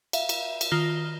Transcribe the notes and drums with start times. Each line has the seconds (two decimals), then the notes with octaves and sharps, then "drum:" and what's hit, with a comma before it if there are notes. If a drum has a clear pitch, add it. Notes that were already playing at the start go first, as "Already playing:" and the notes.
0.13 E5 F5, drum: cymbal
0.29 drum: cymbal
0.61 drum: cymbal
0.71 D#3 F4 F6 A#6 G7